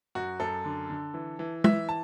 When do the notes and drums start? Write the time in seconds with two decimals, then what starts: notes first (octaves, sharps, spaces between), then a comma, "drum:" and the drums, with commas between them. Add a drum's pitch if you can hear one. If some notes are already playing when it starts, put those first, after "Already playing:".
0.15 F#2 F#4
0.40 F#2 A4
0.65 D3
0.90 D3
1.14 E3
1.39 E3
1.64 E3 E5, drum: tom
1.89 A5